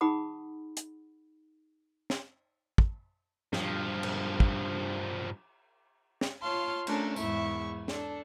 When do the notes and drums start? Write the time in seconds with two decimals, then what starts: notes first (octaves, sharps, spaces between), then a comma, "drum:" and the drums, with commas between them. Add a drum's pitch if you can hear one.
0.01 D#4 G#4 F#5 B5 D#6
0.77 drum: hi-hat
2.10 drum: snare
2.78 drum: kick
3.53 G2 F3, drum: snare
4.03 drum: cymbal
4.40 drum: kick
6.21 drum: snare
6.41 F4 C#5 F5 A5 C6
6.87 A3 C#4 D4 A4 A#4, drum: cymbal
7.16 E2 G#2 E4 E5 C#6, drum: tambourine
7.88 D4 A4, drum: snare